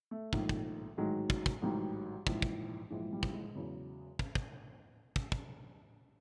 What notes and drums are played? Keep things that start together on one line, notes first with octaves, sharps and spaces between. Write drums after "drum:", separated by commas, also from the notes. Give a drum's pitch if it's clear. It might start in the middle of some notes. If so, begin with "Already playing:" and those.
A3
A#1 G#2 D#3, drum: kick
drum: kick
A1 G#2 D#3 F#3 G#3
drum: kick
drum: kick
A1 G#2 D#3 F#3 G3
A#1 G#2 E3, drum: kick
drum: kick
A#1 G#2 E3 G#3
G#3
G3
drum: kick
G#3
E2 C#3 F#3
drum: kick
drum: kick
drum: kick
drum: kick